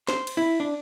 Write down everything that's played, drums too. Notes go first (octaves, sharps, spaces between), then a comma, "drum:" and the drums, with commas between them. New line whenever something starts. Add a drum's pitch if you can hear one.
C5, drum: snare
drum: cymbal
E4
D4